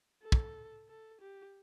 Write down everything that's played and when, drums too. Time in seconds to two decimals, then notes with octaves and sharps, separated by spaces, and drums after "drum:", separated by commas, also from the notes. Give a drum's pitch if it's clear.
0.23 A4
0.32 drum: kick
0.89 A4
1.21 G4